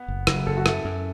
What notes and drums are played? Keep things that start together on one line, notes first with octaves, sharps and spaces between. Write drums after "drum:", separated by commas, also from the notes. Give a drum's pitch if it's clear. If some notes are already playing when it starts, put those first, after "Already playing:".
Already playing: B3
F#1
F#1, drum: rim click
F#1 A4
F#4
F#2 E4 A4, drum: rim click
F#2